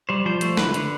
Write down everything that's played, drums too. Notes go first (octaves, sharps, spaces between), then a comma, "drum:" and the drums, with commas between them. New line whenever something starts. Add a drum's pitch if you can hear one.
G3 C5
F3 C5
A3 C5, drum: hi-hat
D3 B4, drum: snare
D3, drum: hi-hat